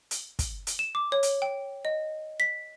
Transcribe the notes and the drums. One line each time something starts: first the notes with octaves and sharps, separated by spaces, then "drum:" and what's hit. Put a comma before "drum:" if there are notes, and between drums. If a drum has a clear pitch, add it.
drum: hi-hat
drum: kick, hi-hat
drum: hi-hat
E7
D6
C#5
drum: hi-hat
G5
D#5
B6